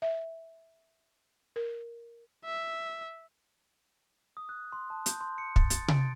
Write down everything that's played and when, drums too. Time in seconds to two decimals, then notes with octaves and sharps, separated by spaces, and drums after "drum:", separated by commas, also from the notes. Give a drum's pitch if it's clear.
0.02 E5
1.56 A#4
2.45 E5
4.37 D#6
4.49 F#6
4.72 C6
4.90 A5
5.06 G6, drum: hi-hat
5.21 C6
5.38 C#7
5.56 A6, drum: kick
5.70 A6, drum: hi-hat
5.88 D7, drum: tom C3
6.01 A6